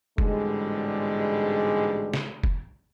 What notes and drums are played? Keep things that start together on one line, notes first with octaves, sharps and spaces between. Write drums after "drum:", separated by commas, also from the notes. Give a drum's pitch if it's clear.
A1 G#2 B2 D3 G3 G#3, drum: kick
drum: snare
drum: kick